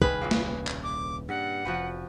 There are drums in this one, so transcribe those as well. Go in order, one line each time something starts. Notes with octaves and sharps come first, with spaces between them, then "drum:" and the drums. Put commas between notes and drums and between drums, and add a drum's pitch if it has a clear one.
D#1 C2 D#3 G#4 B4, drum: kick
A#2 C#3 A#3
drum: snare
drum: clap
D6
G2 F#5
F1 F3 F#4 B4